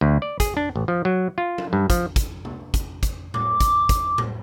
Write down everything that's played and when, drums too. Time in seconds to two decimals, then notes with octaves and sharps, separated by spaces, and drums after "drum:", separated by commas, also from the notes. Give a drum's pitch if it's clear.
0.01 D2
0.22 D5
0.40 G#4, drum: kick, hi-hat
0.57 D4
0.76 A1
0.88 F3
1.05 F#3
1.38 F4
1.58 drum: tom F3
1.73 G2
1.90 F3, drum: kick, hi-hat
2.16 drum: kick, hi-hat
2.45 drum: tom
2.74 drum: kick, hi-hat
3.03 drum: kick, hi-hat
3.34 D6, drum: tom A2
3.60 drum: kick, hi-hat
3.89 drum: kick, hi-hat
4.18 drum: tom A2